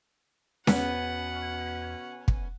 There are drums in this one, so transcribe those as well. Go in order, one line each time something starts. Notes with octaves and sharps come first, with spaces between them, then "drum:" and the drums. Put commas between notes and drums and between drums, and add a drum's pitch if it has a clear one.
E2 B2 B3 C#4 F#5, drum: snare C#4
drum: kick